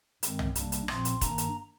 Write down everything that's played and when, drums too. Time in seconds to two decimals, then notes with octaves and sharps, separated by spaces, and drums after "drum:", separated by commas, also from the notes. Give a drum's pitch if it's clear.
0.23 G2 D#3 G#3 C4, drum: hi-hat
0.39 drum: tom
0.55 C3 G3 A#3 D4, drum: hi-hat
0.72 drum: hi-hat
0.88 A#2 F3 C4 C6, drum: rim click
1.05 drum: hi-hat
1.21 G2 D#3 A#3 D4 A#5, drum: kick E1, hi-hat
1.38 drum: hi-hat